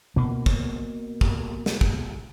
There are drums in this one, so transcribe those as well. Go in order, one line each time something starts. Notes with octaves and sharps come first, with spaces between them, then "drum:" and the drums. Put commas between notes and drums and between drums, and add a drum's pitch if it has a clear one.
B2 A#3
drum: kick
drum: kick
drum: snare
drum: kick